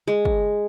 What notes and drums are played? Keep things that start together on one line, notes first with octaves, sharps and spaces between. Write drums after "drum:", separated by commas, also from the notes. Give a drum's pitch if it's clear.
G#3
drum: kick